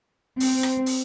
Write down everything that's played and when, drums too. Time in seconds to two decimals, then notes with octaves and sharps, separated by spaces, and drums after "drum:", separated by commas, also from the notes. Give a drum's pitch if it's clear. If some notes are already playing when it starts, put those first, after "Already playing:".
0.40 C4, drum: open hi-hat
0.63 drum: rim click
0.86 drum: open hi-hat